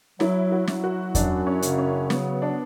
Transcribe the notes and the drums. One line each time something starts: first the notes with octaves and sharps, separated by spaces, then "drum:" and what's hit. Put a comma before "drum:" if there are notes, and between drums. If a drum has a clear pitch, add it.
F#3 E4, drum: snare
F#4
F#3, drum: snare
F#4
F#2 D4, drum: kick E2, hi-hat
C#4
C#3, drum: hi-hat
C#4
F#3 B3, drum: snare
D4